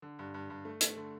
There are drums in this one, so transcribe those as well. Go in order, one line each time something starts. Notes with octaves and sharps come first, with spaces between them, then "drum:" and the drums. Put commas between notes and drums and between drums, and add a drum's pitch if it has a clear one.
D3
G2
G2
G2
A3
A3, drum: hi-hat
D3